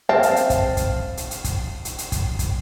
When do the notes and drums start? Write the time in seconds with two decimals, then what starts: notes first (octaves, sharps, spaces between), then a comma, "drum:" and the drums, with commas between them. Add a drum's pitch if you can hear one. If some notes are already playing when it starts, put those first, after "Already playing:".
0.09 C4 E5 F5 A5
0.23 drum: hi-hat
0.36 drum: hi-hat
0.50 drum: kick, hi-hat
0.77 drum: kick, hi-hat
1.17 drum: hi-hat
1.31 drum: hi-hat
1.44 drum: kick, hi-hat
1.85 drum: hi-hat
1.98 drum: hi-hat
2.12 drum: kick, hi-hat
2.39 drum: kick, hi-hat